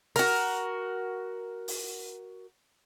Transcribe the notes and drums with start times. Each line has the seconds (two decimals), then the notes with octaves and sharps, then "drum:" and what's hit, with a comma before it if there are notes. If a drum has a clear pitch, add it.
0.16 F#4 A#4, drum: open hi-hat
1.68 drum: open hi-hat